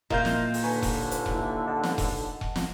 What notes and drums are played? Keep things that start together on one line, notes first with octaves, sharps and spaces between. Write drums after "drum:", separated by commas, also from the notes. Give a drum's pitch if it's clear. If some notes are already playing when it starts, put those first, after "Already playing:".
A#2 E4 A#4 D#5 F5 G6, drum: kick E1
drum: snare
drum: open hi-hat
D#2 D3 B4 G#5 A#5 C#6
drum: kick E1, open hi-hat
drum: hi-hat
drum: kick E1
E4
D#5 F#5 A5
drum: snare
drum: kick E1, open hi-hat
drum: kick E1
drum: snare